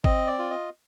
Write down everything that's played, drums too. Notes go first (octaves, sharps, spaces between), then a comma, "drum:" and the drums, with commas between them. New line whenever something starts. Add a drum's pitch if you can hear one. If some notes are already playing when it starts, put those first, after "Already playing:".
C4 D#5, drum: kick
D5
F4
D#5